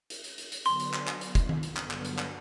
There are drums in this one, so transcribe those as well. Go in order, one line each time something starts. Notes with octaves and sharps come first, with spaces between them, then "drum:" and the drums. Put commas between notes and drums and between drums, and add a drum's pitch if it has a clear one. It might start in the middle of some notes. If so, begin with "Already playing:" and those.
drum: hi-hat
drum: hi-hat
drum: hi-hat
drum: hi-hat
D3 F#3 B3 D4 C6, drum: hi-hat
drum: hi-hat
drum: clap
drum: clap
drum: hi-hat
drum: kick, hi-hat
drum: tom D#3
drum: hi-hat
G2 D3 F#3 B3, drum: clap
drum: clap
drum: hi-hat
drum: clap